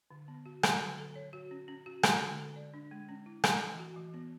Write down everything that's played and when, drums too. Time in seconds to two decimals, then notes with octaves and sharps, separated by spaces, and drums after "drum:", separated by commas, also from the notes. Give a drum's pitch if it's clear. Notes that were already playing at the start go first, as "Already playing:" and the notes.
0.11 D3
0.28 B3
0.46 F#4
0.63 F#3, drum: rim click
0.80 D3
0.98 A4
1.16 C#5
1.33 F#4
1.51 C#4
1.68 C#4
1.86 F#4
2.03 G#3, drum: rim click
2.21 D3
2.39 A4
2.56 D5
2.74 D4
2.91 G#3
3.09 C#4
3.26 E4
3.44 A3, drum: rim click
3.61 E3
3.79 F#4
3.96 E3
4.14 B3